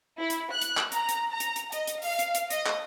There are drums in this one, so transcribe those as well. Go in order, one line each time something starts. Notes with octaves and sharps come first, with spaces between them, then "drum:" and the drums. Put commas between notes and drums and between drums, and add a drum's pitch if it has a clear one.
E4
drum: hi-hat
F#6
drum: hi-hat
drum: clap
A#5, drum: hi-hat
drum: hi-hat
A#5
drum: hi-hat
drum: hi-hat
D#5, drum: hi-hat
drum: hi-hat
F5, drum: open hi-hat
drum: hi-hat
drum: hi-hat
D#5, drum: hi-hat
drum: clap